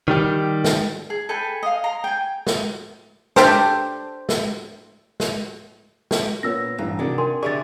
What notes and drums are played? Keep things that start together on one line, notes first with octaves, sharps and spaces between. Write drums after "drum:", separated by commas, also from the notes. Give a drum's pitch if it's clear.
D#3 G3 G4
drum: snare
G#4
A4 B4 G5 G#5
D#5 F5
A#5 C6
G5 G#5
drum: snare
D4 G4 A4 C5, drum: snare
drum: snare
drum: snare
drum: snare
A#2 B3 C#5 E6 A#6
A1 G2 E3
C3 D#3 D4 F#4 G#4
A#4 D5 G5 G#5 C6
D3 G4 G#4 D5 E5 C#6 A6